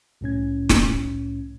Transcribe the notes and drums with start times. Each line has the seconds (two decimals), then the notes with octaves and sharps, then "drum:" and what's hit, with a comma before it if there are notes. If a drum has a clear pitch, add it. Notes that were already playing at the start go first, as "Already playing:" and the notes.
0.21 C2 A2 C#4 G#6
0.69 drum: snare